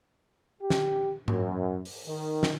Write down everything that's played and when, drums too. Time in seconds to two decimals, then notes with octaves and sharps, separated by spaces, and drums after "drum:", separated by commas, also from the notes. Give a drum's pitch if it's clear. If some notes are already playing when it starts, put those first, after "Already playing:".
0.61 G4
0.70 drum: snare
1.28 F#2, drum: tom G#2
1.85 drum: open hi-hat
2.07 D#3
2.43 drum: snare